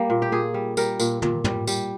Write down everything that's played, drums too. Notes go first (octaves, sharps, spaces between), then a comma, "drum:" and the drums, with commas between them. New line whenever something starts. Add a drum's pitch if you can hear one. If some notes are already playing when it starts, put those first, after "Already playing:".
Already playing: G3 A#3
A#2
G4
A#2 G#4
G3
G3 A#4, drum: tambourine
A#2, drum: tambourine
A#2, drum: tom
G3, drum: tom
G3, drum: tambourine